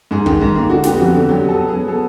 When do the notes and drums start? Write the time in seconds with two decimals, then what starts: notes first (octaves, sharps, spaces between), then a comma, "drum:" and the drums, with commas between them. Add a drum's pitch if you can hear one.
0.11 G#2 G#4
0.26 D#3, drum: kick
0.41 G#2
0.55 A#3
0.70 D3 F#4
0.84 B3 G4, drum: snare
0.97 F2 F#4
1.14 D3
1.29 F#3 G4
1.44 B3 A4
1.58 B3
1.68 F#3 G#4
1.88 B3 A4